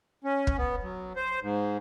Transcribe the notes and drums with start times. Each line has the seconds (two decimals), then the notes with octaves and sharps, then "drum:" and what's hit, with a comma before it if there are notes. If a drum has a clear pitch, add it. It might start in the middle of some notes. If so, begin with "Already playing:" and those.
0.24 C#4
0.47 drum: kick
0.58 B3
0.83 F#3
1.16 C5
1.42 G#2